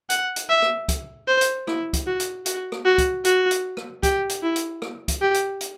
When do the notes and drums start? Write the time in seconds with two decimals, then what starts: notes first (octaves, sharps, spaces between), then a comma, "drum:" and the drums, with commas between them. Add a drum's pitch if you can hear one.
0.10 F#5, drum: hi-hat
0.36 drum: hi-hat
0.49 E5
0.62 drum: rim click
0.88 drum: kick, hi-hat
1.28 C5
1.41 drum: hi-hat
1.67 E4, drum: rim click
1.93 drum: kick, hi-hat
2.07 F#4
2.20 drum: hi-hat
2.46 F#4, drum: hi-hat
2.72 drum: rim click
2.85 F#4
2.98 drum: kick, hi-hat
3.25 F#4, drum: hi-hat
3.51 drum: hi-hat
3.77 drum: rim click
4.03 G4, drum: kick, hi-hat
4.29 drum: hi-hat
4.43 E4
4.56 drum: hi-hat
4.82 drum: rim click
5.08 drum: kick, hi-hat
5.21 G4
5.34 drum: hi-hat
5.61 drum: hi-hat